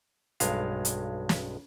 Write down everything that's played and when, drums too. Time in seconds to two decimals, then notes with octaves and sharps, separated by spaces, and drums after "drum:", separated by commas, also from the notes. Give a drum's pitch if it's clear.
0.40 B1 G2 G#3 F5, drum: hi-hat
0.85 drum: hi-hat
1.29 drum: snare